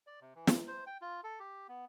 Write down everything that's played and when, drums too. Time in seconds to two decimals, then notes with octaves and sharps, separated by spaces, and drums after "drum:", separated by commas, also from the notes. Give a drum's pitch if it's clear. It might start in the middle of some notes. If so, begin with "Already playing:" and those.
0.07 D5
0.21 C3
0.35 E3
0.47 F#2, drum: snare
0.68 C5
0.87 G5
1.02 F4
1.24 A4
1.40 G4
1.68 B3